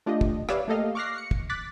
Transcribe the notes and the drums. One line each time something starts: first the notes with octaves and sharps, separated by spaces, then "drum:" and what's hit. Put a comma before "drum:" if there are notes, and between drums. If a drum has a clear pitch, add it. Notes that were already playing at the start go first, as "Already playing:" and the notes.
A3 D4 F4 G4 D#5
drum: kick
G4 B4 C#5 D5 E5 F5, drum: rim click
A3 A#3 G4 A4 D#5 F5
C#6 D6 F6 F#6 A#6 C7
C#7
drum: kick
D6 F#6 A6 B6